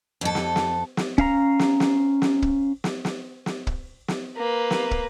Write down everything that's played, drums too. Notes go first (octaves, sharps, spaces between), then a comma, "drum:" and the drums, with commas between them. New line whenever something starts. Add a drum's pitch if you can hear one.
F2 A4
drum: snare
drum: snare
drum: snare
C#4 F5 A#5, drum: kick
drum: snare
drum: snare
drum: snare
drum: kick
drum: snare
drum: snare
drum: snare
drum: kick
drum: snare
A#3 B4
drum: snare
drum: kick